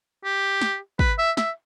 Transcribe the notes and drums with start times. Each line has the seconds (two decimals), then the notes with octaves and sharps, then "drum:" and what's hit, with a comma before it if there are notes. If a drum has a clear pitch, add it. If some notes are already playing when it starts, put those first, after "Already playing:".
0.24 G4
0.61 drum: snare
0.99 B4, drum: kick
1.18 E5
1.37 E5, drum: snare